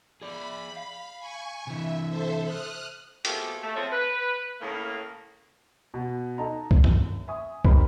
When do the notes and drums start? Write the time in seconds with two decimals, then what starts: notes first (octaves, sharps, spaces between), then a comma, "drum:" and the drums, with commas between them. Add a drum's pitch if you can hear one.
0.22 G#4 D5 B5
0.77 F5
1.19 G#5 C#6
1.67 C3 E3 E5
2.09 A4 C5 E5
2.44 D#6 F6 F#6
3.25 B2 F3 A3 A#3 G4 G#4, drum: hi-hat
3.63 A3
3.75 F3 C4 G#4 A4 C#5 E5
3.92 B4
4.61 A2 C#3 A#3
5.94 B2
6.38 D#4 A4 D#5 A5 A#5
6.71 F#1, drum: kick C2
6.84 drum: tom G2
7.28 E5 G#5 C#6 D#6
7.65 C4 D#4 G4 A#4 C5 B5, drum: kick C2